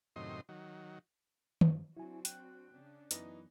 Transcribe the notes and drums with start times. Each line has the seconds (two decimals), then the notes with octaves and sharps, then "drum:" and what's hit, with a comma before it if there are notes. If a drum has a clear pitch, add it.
0.16 F#2 A2 C3 D#3 D#5 C6
0.49 D#3 F#3
1.61 G2, drum: tom
1.97 F#3 C4 D4 E4 F#4 G#5
2.25 G5 F#6, drum: hi-hat
2.72 C#3 C#4 D4
3.11 F#2 E3 B3 D#4, drum: hi-hat